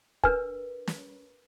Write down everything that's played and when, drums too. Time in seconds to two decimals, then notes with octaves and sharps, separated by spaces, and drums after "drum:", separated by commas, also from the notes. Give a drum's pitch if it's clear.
0.24 D4 A#4 B4 G#5 F6, drum: kick
0.87 drum: snare